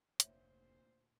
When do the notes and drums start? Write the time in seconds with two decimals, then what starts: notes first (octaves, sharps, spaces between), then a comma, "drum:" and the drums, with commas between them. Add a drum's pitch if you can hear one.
0.20 F1 D2 A#2 C5 C#5 E5, drum: hi-hat